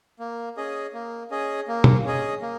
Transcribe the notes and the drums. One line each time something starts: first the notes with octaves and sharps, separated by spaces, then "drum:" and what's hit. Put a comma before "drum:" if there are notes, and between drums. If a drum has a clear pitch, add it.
A#3
C#4 G#4 D#5
A#3
C#4 G#4 D#5
A#3
drum: tom B2
C#4 G#4 D#5
A#3